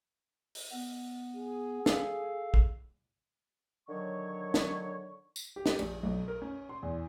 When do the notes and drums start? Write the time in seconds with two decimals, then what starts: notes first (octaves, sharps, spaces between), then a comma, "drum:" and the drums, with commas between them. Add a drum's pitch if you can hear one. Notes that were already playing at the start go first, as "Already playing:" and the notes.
0.55 drum: open hi-hat
0.72 B3
1.37 G#4
1.86 A4 F5, drum: snare
2.54 drum: kick
3.89 D3 D#3 F#3 C#5 C#6
4.54 drum: snare
5.36 drum: tambourine
5.56 G4
5.66 drum: snare
5.79 A#1, drum: cymbal
6.03 B1
6.28 A#4
6.42 C#4
6.69 C6
6.83 E2